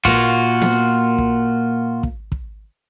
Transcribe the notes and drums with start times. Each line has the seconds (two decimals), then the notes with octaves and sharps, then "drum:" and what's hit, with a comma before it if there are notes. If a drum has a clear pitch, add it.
0.05 A#2 A#3 F4 F#4, drum: kick
0.62 drum: snare B3
1.18 drum: kick
2.03 drum: kick
2.32 drum: kick